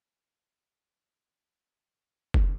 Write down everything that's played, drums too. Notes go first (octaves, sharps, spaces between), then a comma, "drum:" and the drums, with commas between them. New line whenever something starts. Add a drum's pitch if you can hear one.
C5 F5 G#5
drum: kick F1